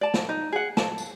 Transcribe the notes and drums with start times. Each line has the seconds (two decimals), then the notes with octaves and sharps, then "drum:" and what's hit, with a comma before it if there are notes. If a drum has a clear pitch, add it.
0.01 D5 A5
0.14 drum: snare
0.29 D#4
0.52 G#4 F#5
0.77 A5, drum: snare
0.98 drum: tambourine